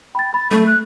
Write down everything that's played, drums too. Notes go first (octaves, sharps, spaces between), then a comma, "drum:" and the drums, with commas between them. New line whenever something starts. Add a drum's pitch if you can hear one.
G5 B5 A6
B5 A6
A3 A4, drum: tom F#3
F#6